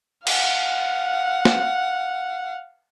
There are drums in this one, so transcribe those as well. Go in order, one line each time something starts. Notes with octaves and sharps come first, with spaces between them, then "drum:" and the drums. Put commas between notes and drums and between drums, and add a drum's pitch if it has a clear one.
F5 F#5, drum: cymbal
drum: snare